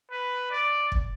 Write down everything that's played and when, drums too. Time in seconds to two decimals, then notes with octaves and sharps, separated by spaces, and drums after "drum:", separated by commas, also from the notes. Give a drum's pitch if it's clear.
0.11 B4
0.51 D5
0.92 drum: kick